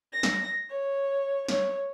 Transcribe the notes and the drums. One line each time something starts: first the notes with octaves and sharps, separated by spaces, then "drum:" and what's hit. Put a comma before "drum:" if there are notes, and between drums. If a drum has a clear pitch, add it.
A#6
drum: snare
C#5
C#5, drum: snare